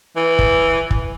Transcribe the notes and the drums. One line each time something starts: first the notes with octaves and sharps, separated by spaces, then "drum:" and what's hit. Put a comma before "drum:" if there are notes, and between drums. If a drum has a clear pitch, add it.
E3
drum: kick
drum: kick